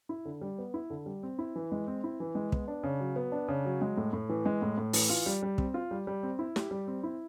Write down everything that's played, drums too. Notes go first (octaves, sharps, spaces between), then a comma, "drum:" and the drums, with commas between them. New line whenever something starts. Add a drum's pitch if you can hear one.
E4
D3
G3
B3
E4
D3
G3
C4
E4
E3
G#3
C4
E4
E3
G#3
B3, drum: kick
D4
C#3
F#3
B3
D4
C#3
F#3
G#3
A2
A2
E3
G#3
A2
A2
E3, drum: open hi-hat
F4
G3
G3
C4, drum: kick
F4
G3
G3
C4
E4
G4, drum: snare
G3
C4
E4